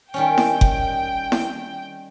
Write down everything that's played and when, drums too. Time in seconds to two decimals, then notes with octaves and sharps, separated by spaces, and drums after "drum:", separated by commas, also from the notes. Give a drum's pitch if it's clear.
0.13 D#3 G3 C#4 G5
0.38 drum: snare E4
0.61 drum: kick F#1
1.32 drum: snare E4